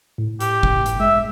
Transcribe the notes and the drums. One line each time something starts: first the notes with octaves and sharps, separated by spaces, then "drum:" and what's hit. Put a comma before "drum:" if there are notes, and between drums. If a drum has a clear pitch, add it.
A2
G4, drum: hi-hat
drum: kick
drum: hi-hat
G#3 E5